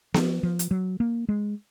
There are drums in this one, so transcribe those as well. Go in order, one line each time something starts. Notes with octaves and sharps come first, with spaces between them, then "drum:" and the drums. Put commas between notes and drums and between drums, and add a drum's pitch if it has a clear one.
F3, drum: snare B3
F3
drum: hi-hat
F#3
A#3
G#3